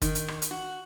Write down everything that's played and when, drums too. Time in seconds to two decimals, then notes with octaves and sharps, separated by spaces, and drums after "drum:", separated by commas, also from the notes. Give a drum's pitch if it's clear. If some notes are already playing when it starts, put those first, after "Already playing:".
0.02 D#3, drum: kick G1, hi-hat
0.15 drum: hi-hat
0.28 drum: rim click
0.42 drum: hi-hat
0.51 F#4